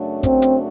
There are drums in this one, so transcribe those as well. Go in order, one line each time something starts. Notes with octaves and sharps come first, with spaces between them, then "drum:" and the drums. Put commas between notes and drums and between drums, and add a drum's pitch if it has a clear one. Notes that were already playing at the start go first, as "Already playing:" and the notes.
Already playing: F#2 C#3 F#3 A3 D4
C4, drum: kick, hi-hat
drum: hi-hat